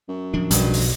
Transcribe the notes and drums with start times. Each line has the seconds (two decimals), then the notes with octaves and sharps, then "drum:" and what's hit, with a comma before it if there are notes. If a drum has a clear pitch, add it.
0.09 F#2
0.34 D1 F3 D4
0.51 B1 G2 B2 B3, drum: hi-hat
0.74 drum: open hi-hat